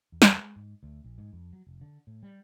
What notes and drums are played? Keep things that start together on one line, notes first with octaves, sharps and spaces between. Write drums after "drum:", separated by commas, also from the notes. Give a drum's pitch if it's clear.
E2
drum: snare
G#3
G#2
D2
A#1
G#2
F2
F#3
F1
D3
A2
G3